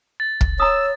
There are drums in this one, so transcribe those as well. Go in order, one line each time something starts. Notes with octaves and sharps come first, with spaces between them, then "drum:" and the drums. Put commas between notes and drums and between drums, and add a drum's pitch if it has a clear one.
A6
drum: kick
C#5 A#5 D#6 E6